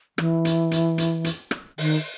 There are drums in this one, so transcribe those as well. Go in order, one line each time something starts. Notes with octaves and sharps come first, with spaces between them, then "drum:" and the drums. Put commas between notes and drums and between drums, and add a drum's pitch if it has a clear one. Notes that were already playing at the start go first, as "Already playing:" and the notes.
E3, drum: rim click
drum: hi-hat
drum: hi-hat
drum: hi-hat
drum: hi-hat
drum: rim click
D#3, drum: open hi-hat